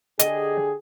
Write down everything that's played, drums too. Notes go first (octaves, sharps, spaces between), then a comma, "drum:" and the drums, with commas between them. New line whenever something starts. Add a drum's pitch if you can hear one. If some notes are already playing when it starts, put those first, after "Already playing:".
D3 G4 G#4 D#5, drum: hi-hat